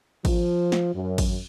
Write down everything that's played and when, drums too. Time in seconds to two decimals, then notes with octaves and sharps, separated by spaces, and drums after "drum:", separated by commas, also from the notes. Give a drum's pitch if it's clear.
0.25 F3, drum: kick G#1, cymbal
0.72 drum: snare
0.95 F#2
1.18 drum: kick G#1, cymbal